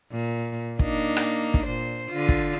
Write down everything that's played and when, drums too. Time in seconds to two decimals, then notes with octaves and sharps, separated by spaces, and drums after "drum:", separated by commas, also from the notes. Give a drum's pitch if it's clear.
0.12 A#2
0.79 A#3 D4 D#4, drum: kick
1.17 drum: rim click
1.54 drum: kick
1.65 A#2 C5
2.10 D3 F4
2.29 drum: kick